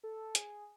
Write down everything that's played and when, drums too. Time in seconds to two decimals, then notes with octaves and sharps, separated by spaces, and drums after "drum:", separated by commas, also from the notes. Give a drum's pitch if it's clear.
0.03 A4
0.35 G#4, drum: hi-hat